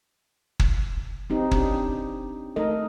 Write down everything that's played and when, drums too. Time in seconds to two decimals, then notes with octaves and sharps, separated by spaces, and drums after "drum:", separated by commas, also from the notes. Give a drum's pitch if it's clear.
0.59 drum: kick
1.30 C4 D#4 G4
1.51 C#4 D4 G4, drum: kick
2.56 A3 D#4 A4 A#4 D#5